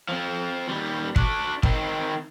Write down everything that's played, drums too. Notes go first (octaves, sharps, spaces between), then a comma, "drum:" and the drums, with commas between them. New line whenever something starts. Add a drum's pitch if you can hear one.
F3 C4
D#2 G3
D4 F#4, drum: kick
D#3 C4, drum: kick